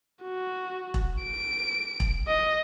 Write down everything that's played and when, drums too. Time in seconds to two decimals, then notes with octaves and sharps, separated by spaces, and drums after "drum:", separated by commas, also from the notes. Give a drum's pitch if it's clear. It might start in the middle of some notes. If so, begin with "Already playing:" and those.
0.24 F#4
0.94 drum: kick E1
1.23 D7
2.00 drum: kick E1
2.28 D#5